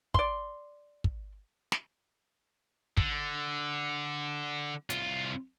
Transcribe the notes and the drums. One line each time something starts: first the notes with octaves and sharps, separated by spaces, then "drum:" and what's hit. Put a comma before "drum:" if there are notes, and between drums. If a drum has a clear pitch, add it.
D5 C6, drum: kick
drum: kick
drum: snare
D3, drum: kick
C2 F4, drum: hi-hat